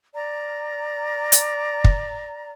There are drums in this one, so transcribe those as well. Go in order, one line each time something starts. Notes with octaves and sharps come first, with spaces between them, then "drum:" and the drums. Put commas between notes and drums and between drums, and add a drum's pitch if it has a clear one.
D5 A#5
drum: hi-hat
drum: kick